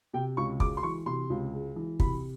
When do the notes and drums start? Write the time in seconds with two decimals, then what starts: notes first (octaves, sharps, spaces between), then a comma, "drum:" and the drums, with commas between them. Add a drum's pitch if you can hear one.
0.13 C3 G5
0.37 C#2 C#6
0.60 G#3 D6, drum: kick
0.77 C6
0.83 E3 C#6
1.06 C3 C6
1.30 C#2
1.53 G#3
1.76 E3
2.00 C3 B5, drum: kick